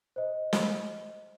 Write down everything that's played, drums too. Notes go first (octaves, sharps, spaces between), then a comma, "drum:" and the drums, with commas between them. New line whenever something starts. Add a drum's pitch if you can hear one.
C5 D#5
drum: snare